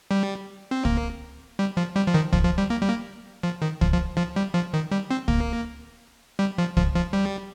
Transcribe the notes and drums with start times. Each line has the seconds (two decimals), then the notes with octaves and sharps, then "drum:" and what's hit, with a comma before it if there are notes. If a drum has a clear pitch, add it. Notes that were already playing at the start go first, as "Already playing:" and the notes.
0.11 G3
0.71 C4
0.85 A#3, drum: kick
1.59 G3
1.77 F3
1.96 G3
2.07 F3
2.14 D#3
2.33 F3, drum: kick
2.45 F3
2.58 G3
2.70 A#3
2.82 G3
2.88 A#3
3.43 F3
3.62 D#3
3.81 F3, drum: kick
3.92 F3
4.17 F3
4.36 G3
4.54 F3
4.74 D#3
4.92 G3
5.11 C4
5.28 A#3, drum: kick
6.39 G3
6.58 F3
6.77 F3, drum: kick
6.95 F3
7.13 G3